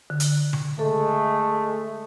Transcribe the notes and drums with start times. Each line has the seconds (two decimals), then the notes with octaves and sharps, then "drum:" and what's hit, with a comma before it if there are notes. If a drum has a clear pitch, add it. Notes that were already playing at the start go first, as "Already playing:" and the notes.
0.10 D3
0.20 drum: hi-hat
0.53 drum: tom C#3
0.79 G#3 A3 A4